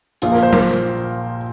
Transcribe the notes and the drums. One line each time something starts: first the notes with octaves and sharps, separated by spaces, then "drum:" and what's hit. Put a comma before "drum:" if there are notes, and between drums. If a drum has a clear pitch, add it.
A#1 A#2 F3 F4, drum: hi-hat
A#4
C5
A#4, drum: tom